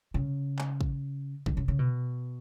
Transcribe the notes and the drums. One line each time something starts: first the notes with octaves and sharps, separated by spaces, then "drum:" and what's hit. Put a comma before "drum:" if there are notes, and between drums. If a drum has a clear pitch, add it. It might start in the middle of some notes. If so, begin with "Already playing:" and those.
C#3
drum: clap
drum: kick
D3, drum: kick
C#3
C#3
B2